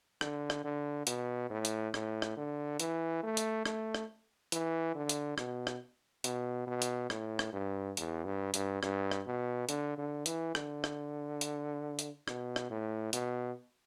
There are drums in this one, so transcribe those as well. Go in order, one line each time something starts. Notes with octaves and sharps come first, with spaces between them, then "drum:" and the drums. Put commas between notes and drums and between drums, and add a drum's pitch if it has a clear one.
D3, drum: rim click
drum: rim click
D3
B2, drum: hi-hat
A2
drum: hi-hat
A2, drum: rim click
drum: rim click
D3
E3, drum: hi-hat
A3
drum: hi-hat
A3, drum: rim click
drum: rim click
E3, drum: hi-hat
D3
drum: hi-hat
B2, drum: rim click
drum: rim click
B2, drum: hi-hat
B2
drum: hi-hat
A2, drum: rim click
drum: rim click
G2
E2, drum: hi-hat
G2
G2, drum: hi-hat
G2, drum: rim click
drum: rim click
B2
D3, drum: hi-hat
D3
E3, drum: hi-hat
D3, drum: rim click
drum: rim click
drum: hi-hat
drum: hi-hat
B2, drum: rim click
drum: rim click
A2
B2, drum: hi-hat